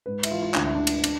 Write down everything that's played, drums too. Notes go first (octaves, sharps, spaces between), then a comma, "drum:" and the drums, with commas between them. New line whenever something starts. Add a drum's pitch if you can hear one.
G#2 B4
E4, drum: cymbal
E3 F4
F4
D2 D4, drum: clap
E4
D3 D4
drum: cymbal
D4, drum: cymbal